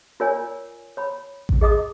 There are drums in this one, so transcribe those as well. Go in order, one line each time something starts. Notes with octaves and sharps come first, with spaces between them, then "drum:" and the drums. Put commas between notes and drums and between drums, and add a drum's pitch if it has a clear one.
F4 A#4 C#5 D5 G#5
C#5 B5
drum: kick A1
G#4 D#5 D6 D#6